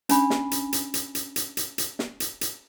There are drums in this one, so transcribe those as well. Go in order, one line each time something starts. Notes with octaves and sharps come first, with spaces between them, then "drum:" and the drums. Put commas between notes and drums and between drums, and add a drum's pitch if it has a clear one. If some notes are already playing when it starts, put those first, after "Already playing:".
C#4 D4 G#5 B5, drum: hi-hat
drum: snare
drum: hi-hat
drum: hi-hat
drum: hi-hat
drum: hi-hat
drum: hi-hat
drum: hi-hat
drum: hi-hat
drum: snare
drum: hi-hat
drum: hi-hat